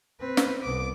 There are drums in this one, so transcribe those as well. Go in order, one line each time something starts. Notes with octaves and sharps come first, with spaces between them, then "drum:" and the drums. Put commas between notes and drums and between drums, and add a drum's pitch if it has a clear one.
C4 B4
drum: snare
C2 B3 D6